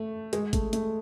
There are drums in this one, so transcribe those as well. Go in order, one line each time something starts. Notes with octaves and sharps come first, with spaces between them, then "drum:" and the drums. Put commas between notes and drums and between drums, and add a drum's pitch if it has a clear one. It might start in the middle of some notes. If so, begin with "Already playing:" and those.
Already playing: A3
G#3, drum: hi-hat
A3, drum: kick, hi-hat
A3, drum: hi-hat